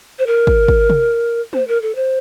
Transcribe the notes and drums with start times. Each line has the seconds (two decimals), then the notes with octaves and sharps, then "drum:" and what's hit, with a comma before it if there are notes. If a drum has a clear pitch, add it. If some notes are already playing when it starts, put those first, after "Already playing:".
0.19 C5
0.26 A#4
0.47 drum: kick
0.68 drum: kick
0.90 drum: tom
1.53 C5, drum: tom
1.67 A#4
1.81 A4
1.95 C5